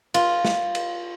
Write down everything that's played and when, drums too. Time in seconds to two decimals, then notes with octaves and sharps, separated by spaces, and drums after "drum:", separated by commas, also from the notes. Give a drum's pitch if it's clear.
0.14 F4, drum: cymbal
0.45 drum: snare
0.75 drum: cymbal